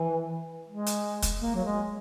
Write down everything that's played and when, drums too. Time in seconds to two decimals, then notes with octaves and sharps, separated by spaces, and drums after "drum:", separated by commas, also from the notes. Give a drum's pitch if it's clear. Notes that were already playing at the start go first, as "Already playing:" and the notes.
Already playing: E3
0.68 G#3
0.87 drum: hi-hat
1.23 drum: kick, hi-hat
1.41 A#3
1.55 F#3
1.65 G#3